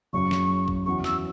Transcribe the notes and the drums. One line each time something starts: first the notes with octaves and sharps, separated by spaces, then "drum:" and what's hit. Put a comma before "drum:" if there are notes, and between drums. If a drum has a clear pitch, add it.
F#1 F#2 C#3 C#6
drum: snare
drum: kick
E2 E3 C#4 F#4 C#6
E6, drum: snare